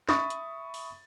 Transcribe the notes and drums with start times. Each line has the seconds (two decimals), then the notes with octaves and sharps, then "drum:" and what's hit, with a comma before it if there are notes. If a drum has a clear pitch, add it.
0.09 E5 B5 C#6 D#6 A6, drum: snare
0.30 drum: hi-hat
0.74 drum: open hi-hat